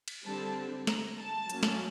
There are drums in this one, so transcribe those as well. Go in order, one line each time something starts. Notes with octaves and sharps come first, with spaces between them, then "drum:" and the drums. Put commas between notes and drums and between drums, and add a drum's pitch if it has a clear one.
drum: cymbal
D3 G3 C4 A5
A#5, drum: snare
A5
F#3 A#3 C#4, drum: hi-hat
drum: snare